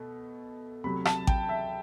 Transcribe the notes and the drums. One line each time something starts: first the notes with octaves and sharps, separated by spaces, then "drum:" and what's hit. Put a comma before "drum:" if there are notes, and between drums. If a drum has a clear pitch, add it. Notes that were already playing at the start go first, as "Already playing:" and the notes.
Already playing: B2 A3
C3 F#3 A3 B5
A5, drum: rim click
G5, drum: kick A1
E5